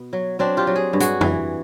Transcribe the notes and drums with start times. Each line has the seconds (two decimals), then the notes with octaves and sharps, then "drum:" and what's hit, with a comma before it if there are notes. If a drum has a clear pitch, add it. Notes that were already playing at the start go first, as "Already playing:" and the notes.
Already playing: B2 B3
0.13 F#3
0.39 F#3 C4 D4
0.57 F4 G4
0.67 F#3
0.76 G#4
0.93 G2
1.00 F#4 G#4, drum: hi-hat
1.21 E3, drum: tom F2